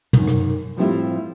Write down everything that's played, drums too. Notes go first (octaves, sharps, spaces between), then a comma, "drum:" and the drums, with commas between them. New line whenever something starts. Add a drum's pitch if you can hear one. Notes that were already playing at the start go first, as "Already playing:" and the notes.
F#2 D#3, drum: tom
drum: rim click
A2 F3 G3 C4 E4 F4